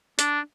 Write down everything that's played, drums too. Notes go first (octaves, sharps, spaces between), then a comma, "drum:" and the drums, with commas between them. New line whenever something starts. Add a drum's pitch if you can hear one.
D4, drum: hi-hat